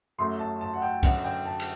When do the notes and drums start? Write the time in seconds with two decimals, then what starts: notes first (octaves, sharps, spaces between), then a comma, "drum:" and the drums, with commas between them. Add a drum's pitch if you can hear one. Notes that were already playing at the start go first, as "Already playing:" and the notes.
0.18 F#2 F#3 A3 C6
0.39 A5
0.61 A5
0.74 F#5
0.82 G5
1.03 F#2 D3 F#3 F#5, drum: kick, cymbal
1.24 G5
1.46 A5
1.60 drum: cymbal